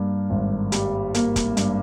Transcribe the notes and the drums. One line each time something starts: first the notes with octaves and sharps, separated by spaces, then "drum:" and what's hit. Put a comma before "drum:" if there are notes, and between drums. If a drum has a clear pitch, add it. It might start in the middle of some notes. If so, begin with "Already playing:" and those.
Already playing: G2 A#3
G#1
G3, drum: hi-hat
A#3, drum: hi-hat
drum: kick, hi-hat
G2, drum: hi-hat